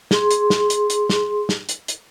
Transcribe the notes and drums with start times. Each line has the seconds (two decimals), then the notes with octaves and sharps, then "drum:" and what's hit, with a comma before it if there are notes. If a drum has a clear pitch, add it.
0.11 G#4 C6, drum: snare
0.31 drum: hi-hat
0.50 drum: snare
0.70 drum: hi-hat
0.90 drum: hi-hat
1.09 drum: snare
1.49 drum: snare
1.69 drum: hi-hat
1.88 drum: hi-hat